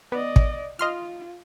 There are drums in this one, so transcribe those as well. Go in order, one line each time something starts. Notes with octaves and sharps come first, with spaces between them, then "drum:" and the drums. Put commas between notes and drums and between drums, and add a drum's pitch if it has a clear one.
B3 D5 D#5
drum: kick
F4 D#5 C6 F6